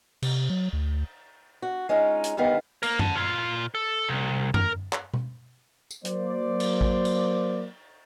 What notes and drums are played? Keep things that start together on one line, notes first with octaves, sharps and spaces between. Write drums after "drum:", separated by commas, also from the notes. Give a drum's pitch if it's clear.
C3, drum: cymbal
F#3
D2
F#4
G#3 C#4 D#4 F4
drum: hi-hat
D2 G2 D#3 B3 F5
A#3 A#4, drum: cymbal
F#5 A5, drum: tom F#2
A#2 F4
A4
C2
A#4, drum: tom F#2
drum: clap
drum: tom B2
drum: tambourine
F#3 A#3 C5 D5, drum: hi-hat
drum: cymbal
drum: kick A1
drum: cymbal